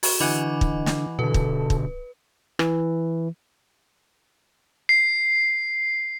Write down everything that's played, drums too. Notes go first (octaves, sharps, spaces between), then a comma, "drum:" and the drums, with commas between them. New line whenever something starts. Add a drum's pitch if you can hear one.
F#4 C#6 E7, drum: open hi-hat
D3 E3 D#5 F#5 G#5 B5 D6
drum: kick
drum: snare
B2 D3 A4 B4
drum: kick
drum: kick
E3, drum: rim click
C7